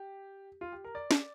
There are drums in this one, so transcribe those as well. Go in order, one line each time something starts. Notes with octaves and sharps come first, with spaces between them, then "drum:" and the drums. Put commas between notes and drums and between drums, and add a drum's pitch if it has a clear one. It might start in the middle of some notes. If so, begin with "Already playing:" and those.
Already playing: G4
F4
G4
A#4
D5
drum: snare